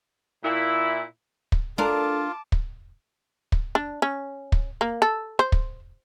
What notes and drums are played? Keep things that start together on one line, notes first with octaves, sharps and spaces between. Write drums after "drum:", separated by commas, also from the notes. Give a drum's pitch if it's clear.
A#2 E4
drum: kick
D4 F4 A4 A#4 A5 D6
drum: kick
drum: kick
D4
C#4
drum: kick
A#3
A4
C5
drum: kick